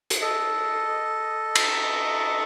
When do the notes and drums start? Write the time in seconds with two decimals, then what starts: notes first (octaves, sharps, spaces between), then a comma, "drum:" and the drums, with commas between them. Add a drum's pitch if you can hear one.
0.10 drum: hi-hat
0.21 A4 D#5
1.55 drum: cymbal